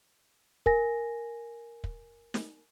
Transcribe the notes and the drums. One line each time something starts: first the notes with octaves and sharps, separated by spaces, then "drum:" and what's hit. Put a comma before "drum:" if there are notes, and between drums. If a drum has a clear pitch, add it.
A#4 G#5 A#6, drum: kick
drum: kick
drum: snare